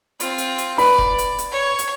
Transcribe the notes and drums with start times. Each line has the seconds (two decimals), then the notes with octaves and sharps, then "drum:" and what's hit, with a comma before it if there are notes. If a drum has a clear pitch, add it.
0.20 C4 F4, drum: hi-hat
0.38 drum: hi-hat
0.58 drum: hi-hat
0.78 B4 D5 B5, drum: open hi-hat
0.98 drum: kick F1
1.18 drum: hi-hat
1.38 drum: hi-hat
1.51 C#5
1.79 drum: hi-hat